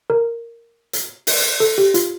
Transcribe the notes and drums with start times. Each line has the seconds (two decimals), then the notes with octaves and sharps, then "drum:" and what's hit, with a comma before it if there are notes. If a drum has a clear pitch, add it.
0.10 A#4
0.93 drum: hi-hat
1.27 drum: open hi-hat
1.60 A4
1.78 G4
1.94 F4, drum: hi-hat